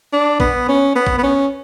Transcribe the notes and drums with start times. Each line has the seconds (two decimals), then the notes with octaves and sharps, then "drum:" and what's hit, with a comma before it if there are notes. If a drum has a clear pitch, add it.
0.13 D4
0.40 B3, drum: kick
0.68 C#4
0.96 B3
1.07 drum: kick
1.18 B3
1.23 C#4